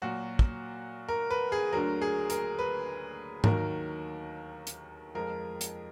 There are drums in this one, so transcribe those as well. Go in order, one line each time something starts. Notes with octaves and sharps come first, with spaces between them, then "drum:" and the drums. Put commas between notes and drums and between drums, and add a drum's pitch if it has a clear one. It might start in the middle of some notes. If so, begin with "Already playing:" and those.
A#2 F#3 F#4
drum: kick
A#4
B4
G#4
D2 D3 F#3 A#4
G#4
A#4, drum: hi-hat
B4
D#2 D#3 F#3 A#4, drum: tom G#2
drum: hi-hat
F2 F3 G#3 A#4
drum: hi-hat